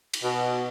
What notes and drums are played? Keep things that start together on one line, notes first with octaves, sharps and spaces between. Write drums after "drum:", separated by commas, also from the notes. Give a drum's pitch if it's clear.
drum: cymbal
B2